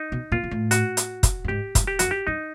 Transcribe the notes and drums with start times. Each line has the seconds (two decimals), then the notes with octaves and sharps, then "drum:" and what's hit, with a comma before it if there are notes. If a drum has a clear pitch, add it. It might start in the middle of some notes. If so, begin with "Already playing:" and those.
Already playing: D#4
0.12 B2
0.32 A#2 F4
0.44 A#2
0.51 A2
0.71 F#4, drum: hi-hat
0.97 drum: hi-hat
1.23 drum: kick, hi-hat
1.44 G2
1.48 G#2 G4
1.75 G2, drum: kick, hi-hat
1.87 G4
1.99 F#2 F#4, drum: hi-hat
2.11 G4
2.27 G2 D#4